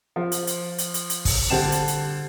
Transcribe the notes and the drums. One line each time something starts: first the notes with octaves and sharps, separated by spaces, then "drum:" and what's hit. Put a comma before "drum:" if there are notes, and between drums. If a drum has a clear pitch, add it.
F3
drum: hi-hat
drum: hi-hat
drum: hi-hat
drum: hi-hat
drum: hi-hat
drum: kick, open hi-hat
D3 G3 C5 G5 A5 E7
drum: hi-hat
drum: hi-hat